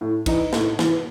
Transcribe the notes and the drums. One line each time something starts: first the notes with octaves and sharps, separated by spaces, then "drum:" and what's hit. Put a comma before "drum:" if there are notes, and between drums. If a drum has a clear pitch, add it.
A2
E3 D#4, drum: kick, cymbal
A2, drum: snare
E3, drum: snare